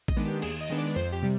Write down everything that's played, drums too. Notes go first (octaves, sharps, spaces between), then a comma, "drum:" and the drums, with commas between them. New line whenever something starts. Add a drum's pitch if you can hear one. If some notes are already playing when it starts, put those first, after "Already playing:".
D#5, drum: kick A1
D#3 G#3 B3 D4
G4
D#2 G#4, drum: cymbal
D#5
D#3 G#3 B3 D4
D5
F2 C5
G4
C3 G3